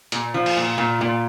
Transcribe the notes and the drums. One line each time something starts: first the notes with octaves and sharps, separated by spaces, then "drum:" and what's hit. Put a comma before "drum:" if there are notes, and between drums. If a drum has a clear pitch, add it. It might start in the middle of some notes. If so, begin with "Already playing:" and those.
A#2, drum: hi-hat
F3
drum: cymbal
A#2
A#2
A#2